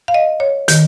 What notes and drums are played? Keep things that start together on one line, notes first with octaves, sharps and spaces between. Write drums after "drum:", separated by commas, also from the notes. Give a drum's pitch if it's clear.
F5
D#5
C#5
D#3, drum: hi-hat